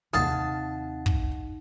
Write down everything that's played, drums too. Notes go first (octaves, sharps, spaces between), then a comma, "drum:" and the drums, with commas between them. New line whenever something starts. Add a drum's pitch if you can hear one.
D#2 C3 D#4 F5 F#5 A5 D#6
drum: kick